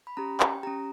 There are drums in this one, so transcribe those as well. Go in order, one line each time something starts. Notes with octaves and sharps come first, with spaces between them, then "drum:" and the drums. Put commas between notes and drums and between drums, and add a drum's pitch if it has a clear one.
B5
C#4 G4 A#5
G5, drum: clap
C#4 G4 A#5